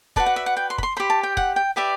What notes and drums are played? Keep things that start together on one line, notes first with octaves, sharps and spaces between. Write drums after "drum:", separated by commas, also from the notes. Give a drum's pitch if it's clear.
F#4 B4 D5 A5, drum: kick
F#5
E5
F#5
G5
C6
B5, drum: kick
C6
G4 C5 B5
A5
G5
F#5, drum: kick
G5
G4 B4 D5 E5